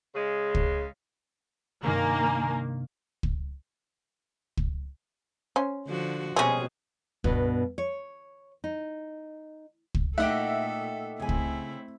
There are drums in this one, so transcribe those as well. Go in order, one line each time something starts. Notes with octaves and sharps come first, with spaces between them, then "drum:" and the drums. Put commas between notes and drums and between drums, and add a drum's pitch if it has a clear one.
C#3 G#3
drum: kick
G2 C3 D#3 A#3 G#5 A#5
drum: kick
drum: kick
C#4 C5
D3 F3 F#4
B2 G3 G#3 C4 C#4 G#4
G2 B2, drum: kick
C#5
D#4
drum: kick
A#2 A3 D#4 G4 A4 D#5 E5 F#5
C#3 A3 C4 E4 G#5
drum: kick